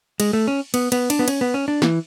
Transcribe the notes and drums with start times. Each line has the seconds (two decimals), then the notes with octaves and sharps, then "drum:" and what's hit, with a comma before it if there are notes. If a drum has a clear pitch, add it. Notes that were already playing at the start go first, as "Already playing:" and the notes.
0.20 G#3, drum: cymbal
0.33 A3
0.48 C#4
0.74 B3, drum: cymbal
0.92 B3, drum: cymbal
1.10 D4, drum: cymbal
1.19 B3
1.28 C#4, drum: cymbal
1.41 B3
1.54 C#4
1.68 D4
1.82 E3, drum: snare